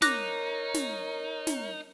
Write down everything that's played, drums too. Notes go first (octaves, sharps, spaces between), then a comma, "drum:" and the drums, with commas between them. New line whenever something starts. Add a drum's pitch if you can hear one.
D#4 A#4 C#5 D6 F#6 A#6, drum: snare
drum: snare
drum: snare